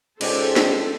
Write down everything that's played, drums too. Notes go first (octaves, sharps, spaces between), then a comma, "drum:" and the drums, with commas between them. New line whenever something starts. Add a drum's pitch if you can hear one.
C#2 G#2 D4 G4 A4 C5, drum: cymbal
drum: snare